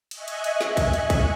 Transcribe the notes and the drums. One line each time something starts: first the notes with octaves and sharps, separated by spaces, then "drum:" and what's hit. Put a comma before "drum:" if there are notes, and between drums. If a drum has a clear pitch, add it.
D#5 E5 G#5 C#6 F#6, drum: cymbal
drum: cymbal
drum: cymbal
drum: snare
drum: kick, cymbal
drum: cymbal
drum: kick, cymbal